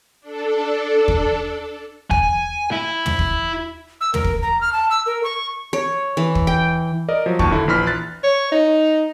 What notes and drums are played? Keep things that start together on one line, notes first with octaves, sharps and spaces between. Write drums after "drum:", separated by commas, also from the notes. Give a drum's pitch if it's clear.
D4 A4
drum: kick
G#5, drum: kick
E4
drum: tom
drum: kick
E6
A#4, drum: tom
drum: kick
A#5
F6
A5
E6
A#4
C#6
C#5
E3
drum: kick
G5
A#4 D5 D#5
F3 F#3
D#2 F#3 A5 C#6, drum: kick
D3 E4
A#1 E3 B5 C6 F6 B6
F#6 A6
C#5
D#4